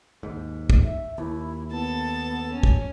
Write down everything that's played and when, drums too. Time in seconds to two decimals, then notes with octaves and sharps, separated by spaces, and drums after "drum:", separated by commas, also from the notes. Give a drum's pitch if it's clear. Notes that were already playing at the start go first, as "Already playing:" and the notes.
0.23 D#2 G#2
0.70 drum: kick
0.84 E5
1.18 D#2 E4
1.71 B3 A4 A5
2.52 C#4
2.63 drum: kick